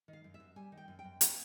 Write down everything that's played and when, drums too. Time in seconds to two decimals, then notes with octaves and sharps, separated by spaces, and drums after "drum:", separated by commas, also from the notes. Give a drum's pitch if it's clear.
0.08 D#3
0.13 F5
0.24 F#2
0.34 E5
0.40 F#2
0.56 G3 G#5
0.72 D#3
0.77 G5
0.88 F#2
0.99 G5
1.04 F#2
1.21 A#3, drum: hi-hat